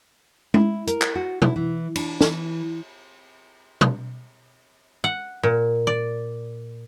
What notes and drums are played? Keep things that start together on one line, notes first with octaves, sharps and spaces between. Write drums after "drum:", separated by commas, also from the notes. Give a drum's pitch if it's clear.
E4, drum: tom G#3
A#4, drum: hi-hat
drum: clap
F#4
E4, drum: tom B2
E3
D4, drum: cymbal
E3, drum: snare
drum: tom B2
F#5
A#2
D5